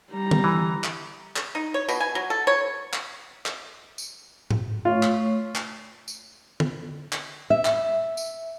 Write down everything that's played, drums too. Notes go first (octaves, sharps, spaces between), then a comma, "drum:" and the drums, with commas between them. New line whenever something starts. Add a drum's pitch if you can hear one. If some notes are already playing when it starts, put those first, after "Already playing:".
G3 A#5
drum: tom D3
E3
drum: clap
drum: clap
D#4
C#5
B2, drum: tambourine
G#5
F#3
A4
C#5
drum: clap
drum: clap
drum: tambourine
drum: tom G#2
A3 F4 C#5 C#6
drum: clap
drum: clap
drum: tambourine
drum: tom D3
drum: clap
E5
drum: clap
drum: tambourine